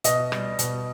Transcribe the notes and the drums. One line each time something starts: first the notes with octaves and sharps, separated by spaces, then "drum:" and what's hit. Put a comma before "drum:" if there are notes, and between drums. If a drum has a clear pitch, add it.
B2 D#5, drum: hi-hat
G3, drum: rim click
B2, drum: hi-hat